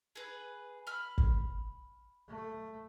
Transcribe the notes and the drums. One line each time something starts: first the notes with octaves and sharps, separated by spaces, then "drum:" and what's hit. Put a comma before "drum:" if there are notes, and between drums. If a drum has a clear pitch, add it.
G#4 B4
B5 F6
drum: kick
A3